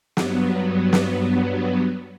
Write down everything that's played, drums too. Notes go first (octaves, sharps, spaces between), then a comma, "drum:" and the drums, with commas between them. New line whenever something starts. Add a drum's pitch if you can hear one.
G2 F#3 B3, drum: snare
drum: snare